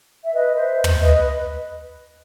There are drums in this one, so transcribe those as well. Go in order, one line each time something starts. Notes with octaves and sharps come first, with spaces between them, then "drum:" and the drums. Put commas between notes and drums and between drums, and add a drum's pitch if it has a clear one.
E5
B4 D#5
C5 E5
drum: tom
B4 D#5
B4